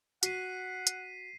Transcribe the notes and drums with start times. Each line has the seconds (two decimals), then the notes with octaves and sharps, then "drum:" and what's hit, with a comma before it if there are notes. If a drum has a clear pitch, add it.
0.23 F#4 F#5 B6 C7 D#7, drum: hi-hat
0.87 drum: hi-hat